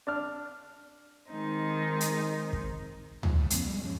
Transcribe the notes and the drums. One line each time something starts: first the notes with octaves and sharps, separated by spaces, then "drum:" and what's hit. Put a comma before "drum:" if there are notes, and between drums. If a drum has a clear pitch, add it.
D4 F6
D#3 G#3 C4 D#4 D#5
drum: hi-hat
drum: kick
G#2 F3, drum: tom
A2
C2 F3 B3 C#4, drum: hi-hat
G3 G#3
G2 F3 B3 C#4